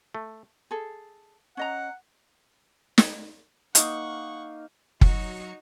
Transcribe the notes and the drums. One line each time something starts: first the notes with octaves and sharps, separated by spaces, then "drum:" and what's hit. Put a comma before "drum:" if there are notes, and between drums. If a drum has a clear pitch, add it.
A3
G#4 A4
C#4 D#5 F#5 A#5
drum: snare
A#3 D#4 F5 F#5 C#6, drum: hi-hat
F#3 D#4 F#4 C#7, drum: kick F#1